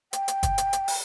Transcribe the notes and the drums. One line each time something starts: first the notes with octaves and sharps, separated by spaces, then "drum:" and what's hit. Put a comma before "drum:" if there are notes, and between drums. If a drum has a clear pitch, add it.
G5, drum: hi-hat
drum: hi-hat
drum: kick, hi-hat
drum: hi-hat
drum: hi-hat
drum: open hi-hat